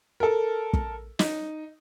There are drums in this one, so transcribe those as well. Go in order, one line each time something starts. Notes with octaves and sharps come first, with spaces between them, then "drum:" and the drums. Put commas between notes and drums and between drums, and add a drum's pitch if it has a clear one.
A4 A#4
drum: kick
D#4, drum: snare